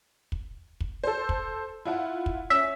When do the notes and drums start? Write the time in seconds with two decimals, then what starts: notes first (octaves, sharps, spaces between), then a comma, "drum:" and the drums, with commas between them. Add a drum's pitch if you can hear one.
0.32 drum: kick
0.81 drum: kick
1.03 A4 C5
1.29 drum: kick
1.85 E4 F4 F#5
2.26 drum: kick
2.50 C#4 E5